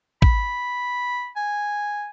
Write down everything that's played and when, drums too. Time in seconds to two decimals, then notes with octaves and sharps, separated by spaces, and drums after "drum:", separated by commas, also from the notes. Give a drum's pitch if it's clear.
0.22 B5, drum: kick
1.36 G#5